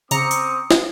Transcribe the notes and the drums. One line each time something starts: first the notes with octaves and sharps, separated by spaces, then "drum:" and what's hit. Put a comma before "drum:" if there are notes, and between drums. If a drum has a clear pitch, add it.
C#3 C4 A#5 D6 D#6 C#7, drum: tambourine
drum: tambourine
drum: snare